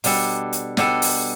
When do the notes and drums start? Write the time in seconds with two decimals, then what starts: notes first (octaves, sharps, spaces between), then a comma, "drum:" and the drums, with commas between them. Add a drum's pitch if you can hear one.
0.04 B2 G3 D4 A4, drum: open hi-hat
0.53 drum: hi-hat
0.77 B2 G3 D4 A4, drum: snare
1.02 drum: open hi-hat